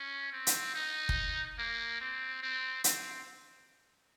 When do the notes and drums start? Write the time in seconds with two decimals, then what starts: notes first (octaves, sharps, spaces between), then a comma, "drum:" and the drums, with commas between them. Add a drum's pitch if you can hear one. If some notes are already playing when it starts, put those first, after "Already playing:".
Already playing: C#4
0.32 C4
0.47 drum: hi-hat
0.75 D#4
1.09 drum: kick
1.58 A#3
2.01 C4
2.43 C4
2.84 C4, drum: hi-hat